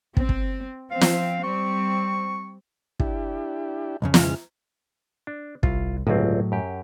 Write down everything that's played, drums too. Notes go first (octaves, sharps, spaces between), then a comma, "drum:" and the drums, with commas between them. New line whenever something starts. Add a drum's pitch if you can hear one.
C4, drum: kick
drum: kick
F3 C4 F5
drum: snare
G3 C4 C#6
D4 E4 G4, drum: kick
B1 F2 C#3
E3 G#3 F6, drum: snare
D4
C2 F4, drum: kick
G1 C#2 A2 F#3 C4
F#2 G4